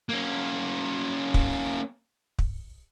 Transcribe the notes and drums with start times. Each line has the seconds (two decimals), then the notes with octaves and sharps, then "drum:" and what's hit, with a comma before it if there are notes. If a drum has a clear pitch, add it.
0.09 A#3 C#4
1.34 drum: kick
2.39 drum: kick